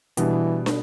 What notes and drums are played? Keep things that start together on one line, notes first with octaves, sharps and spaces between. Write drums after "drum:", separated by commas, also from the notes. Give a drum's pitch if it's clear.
B2 E3 G3 B3 D4, drum: hi-hat
drum: snare